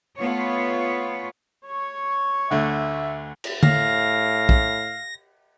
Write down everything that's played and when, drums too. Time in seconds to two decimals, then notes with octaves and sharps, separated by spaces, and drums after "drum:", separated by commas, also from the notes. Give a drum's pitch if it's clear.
0.18 A3 B3 F4 C#5
1.65 C#5 C#6
2.50 D2 D3 A3 E5
3.44 drum: cymbal
3.63 A2 F5 A#6, drum: tom D3
4.49 drum: kick